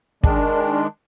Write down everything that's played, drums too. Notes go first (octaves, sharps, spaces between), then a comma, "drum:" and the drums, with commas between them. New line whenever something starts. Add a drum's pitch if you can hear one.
D#3 G#3 D4, drum: kick